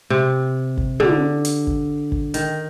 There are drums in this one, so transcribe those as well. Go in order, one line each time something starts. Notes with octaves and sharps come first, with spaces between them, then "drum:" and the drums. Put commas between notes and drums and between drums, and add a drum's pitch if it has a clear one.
C3
drum: kick
D3, drum: tom
drum: hi-hat
drum: kick
drum: kick
D#3, drum: hi-hat